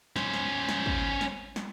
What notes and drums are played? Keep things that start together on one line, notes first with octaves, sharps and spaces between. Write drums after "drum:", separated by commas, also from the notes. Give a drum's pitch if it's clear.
C#4 C5, drum: snare
drum: snare
drum: snare
drum: kick
drum: snare
drum: snare